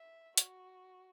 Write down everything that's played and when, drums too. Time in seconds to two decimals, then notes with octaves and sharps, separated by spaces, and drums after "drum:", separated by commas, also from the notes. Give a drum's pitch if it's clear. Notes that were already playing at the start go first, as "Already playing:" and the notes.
Already playing: E5
0.38 F#4, drum: hi-hat